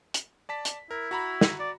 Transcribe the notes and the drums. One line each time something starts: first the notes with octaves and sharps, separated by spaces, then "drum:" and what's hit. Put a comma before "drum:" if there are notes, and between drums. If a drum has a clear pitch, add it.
drum: hi-hat
D5 A5 B6
drum: hi-hat
E4 A#4
F#4 A#5 B5
drum: snare
D5